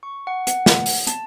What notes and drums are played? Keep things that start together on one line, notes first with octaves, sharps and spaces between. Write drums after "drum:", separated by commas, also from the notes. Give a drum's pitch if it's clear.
C#6
F#5
F#5, drum: hi-hat
drum: snare
drum: open hi-hat
A5, drum: hi-hat